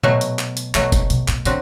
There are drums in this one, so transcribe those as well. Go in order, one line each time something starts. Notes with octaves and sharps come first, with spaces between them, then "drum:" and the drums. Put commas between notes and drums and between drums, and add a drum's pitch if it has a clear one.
B2 F#3 A3, drum: tom A#2
drum: hi-hat
drum: clap
drum: hi-hat
B2 E3 F#3 A3, drum: clap
D3, drum: kick F#1, hi-hat
C3, drum: hi-hat
A2, drum: clap
A2 D3 F#3 C4 F#4, drum: hi-hat